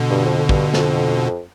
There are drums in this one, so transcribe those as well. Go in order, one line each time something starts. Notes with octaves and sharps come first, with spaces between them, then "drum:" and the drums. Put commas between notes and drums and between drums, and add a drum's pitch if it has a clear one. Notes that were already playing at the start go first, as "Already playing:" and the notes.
Already playing: B2 D3
G2
F2
G2, drum: kick
F2, drum: snare